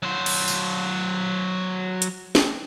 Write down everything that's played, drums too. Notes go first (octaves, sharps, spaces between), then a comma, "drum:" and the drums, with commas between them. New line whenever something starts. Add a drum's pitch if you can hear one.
F#3 C5
drum: cymbal
drum: tambourine
drum: hi-hat
drum: snare